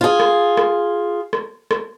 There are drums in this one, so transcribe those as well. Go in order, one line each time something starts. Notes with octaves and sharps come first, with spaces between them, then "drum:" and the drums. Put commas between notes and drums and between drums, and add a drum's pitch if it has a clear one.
F4 G#4
drum: rim click
drum: rim click
drum: rim click
drum: rim click